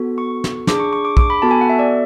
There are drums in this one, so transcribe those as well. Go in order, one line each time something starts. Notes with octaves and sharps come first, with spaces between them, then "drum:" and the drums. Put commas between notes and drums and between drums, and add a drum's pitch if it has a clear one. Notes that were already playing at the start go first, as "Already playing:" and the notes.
Already playing: B3 F#4 A4
C#6
drum: snare
D4 G#4 D6, drum: snare
C#6
C#6
D6
D6, drum: kick
B5
B3 F#4 A4 A5
G#5
F#5
E5
D5